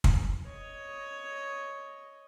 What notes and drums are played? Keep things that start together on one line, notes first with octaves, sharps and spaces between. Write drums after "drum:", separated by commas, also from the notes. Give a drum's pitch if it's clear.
drum: kick
C#5 D#5